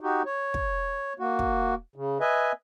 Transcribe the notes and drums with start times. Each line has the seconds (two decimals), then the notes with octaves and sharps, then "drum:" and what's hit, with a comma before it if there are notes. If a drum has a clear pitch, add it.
0.01 D#4 F#4 G4
0.26 C#5
0.54 drum: kick
1.19 A#3 F#4
1.39 drum: kick
1.96 C#3
2.20 B4 D#5 E5 G#5